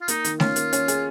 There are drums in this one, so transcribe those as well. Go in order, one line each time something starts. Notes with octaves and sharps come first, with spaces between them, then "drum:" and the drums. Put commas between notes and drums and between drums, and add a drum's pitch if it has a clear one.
F4
A#3 D#4, drum: hi-hat
D#3, drum: hi-hat
C#4 F4, drum: snare A3
A#3, drum: hi-hat
C#4, drum: hi-hat
G#4, drum: hi-hat